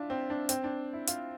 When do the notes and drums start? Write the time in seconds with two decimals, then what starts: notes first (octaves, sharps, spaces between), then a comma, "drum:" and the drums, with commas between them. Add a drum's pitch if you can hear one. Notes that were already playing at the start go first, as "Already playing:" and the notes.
Already playing: D4 E4 F4
0.10 C4
0.30 D4
0.49 C4, drum: hi-hat
0.64 D4
0.93 E4
1.07 F4, drum: hi-hat